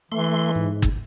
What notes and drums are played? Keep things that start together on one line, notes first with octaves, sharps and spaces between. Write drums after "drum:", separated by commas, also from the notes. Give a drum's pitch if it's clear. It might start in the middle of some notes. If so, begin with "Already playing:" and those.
E3 A3 C6
G#2
drum: kick